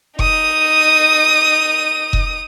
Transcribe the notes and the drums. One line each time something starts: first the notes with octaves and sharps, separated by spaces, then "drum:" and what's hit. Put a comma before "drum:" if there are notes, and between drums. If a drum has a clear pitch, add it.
D#4 D#6, drum: kick F1
drum: kick F1